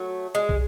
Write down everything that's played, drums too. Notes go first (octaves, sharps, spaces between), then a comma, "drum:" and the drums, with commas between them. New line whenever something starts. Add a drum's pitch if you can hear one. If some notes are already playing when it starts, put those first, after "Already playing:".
Already playing: F#3 A3
G#3
drum: kick